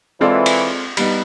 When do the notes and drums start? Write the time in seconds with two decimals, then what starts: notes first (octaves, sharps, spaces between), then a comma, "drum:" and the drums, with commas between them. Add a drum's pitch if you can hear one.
0.21 E3 G#3 C4 F4 A4 D5
0.46 drum: cymbal
0.97 G3 B3 D#4, drum: cymbal